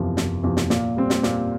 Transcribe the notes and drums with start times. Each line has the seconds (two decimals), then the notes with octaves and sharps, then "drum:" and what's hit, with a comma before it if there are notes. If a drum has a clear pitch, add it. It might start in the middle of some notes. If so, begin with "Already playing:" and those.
Already playing: F#1 E2 C3 F3
0.17 F#1, drum: snare
0.44 E2 C3 F3
0.57 drum: snare
0.70 A#2, drum: snare
0.96 G3 C4
1.10 drum: snare
1.23 A#2, drum: snare